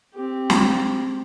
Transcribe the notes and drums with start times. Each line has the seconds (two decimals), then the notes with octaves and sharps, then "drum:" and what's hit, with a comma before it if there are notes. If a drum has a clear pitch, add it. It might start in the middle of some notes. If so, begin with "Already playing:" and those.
0.14 C4 G4
0.50 drum: snare